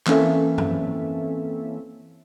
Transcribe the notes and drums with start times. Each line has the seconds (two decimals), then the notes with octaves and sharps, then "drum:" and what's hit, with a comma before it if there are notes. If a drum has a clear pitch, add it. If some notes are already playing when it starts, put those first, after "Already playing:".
0.06 E3 A#3 C4 C#4 A4 E5, drum: clap
0.58 drum: tom F#2